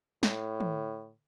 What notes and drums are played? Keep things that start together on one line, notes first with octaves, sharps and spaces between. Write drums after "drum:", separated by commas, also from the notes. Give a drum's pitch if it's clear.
A2, drum: snare
drum: tom